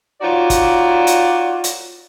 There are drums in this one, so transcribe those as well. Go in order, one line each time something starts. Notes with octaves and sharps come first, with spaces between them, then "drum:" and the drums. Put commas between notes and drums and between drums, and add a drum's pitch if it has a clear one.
D#4 F4 F#4 C#5 D5
drum: kick G1, hi-hat
drum: hi-hat
drum: hi-hat